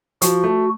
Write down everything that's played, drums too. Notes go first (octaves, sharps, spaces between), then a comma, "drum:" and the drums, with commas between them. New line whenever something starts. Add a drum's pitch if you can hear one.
F3 F#4, drum: hi-hat
A3